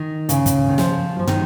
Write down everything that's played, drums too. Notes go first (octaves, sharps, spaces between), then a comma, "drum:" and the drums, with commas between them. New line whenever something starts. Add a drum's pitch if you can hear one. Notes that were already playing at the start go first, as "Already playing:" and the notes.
Already playing: D#3
C#3, drum: hi-hat
drum: kick, hi-hat
D#3
F3, drum: snare
F3
D#3, drum: tom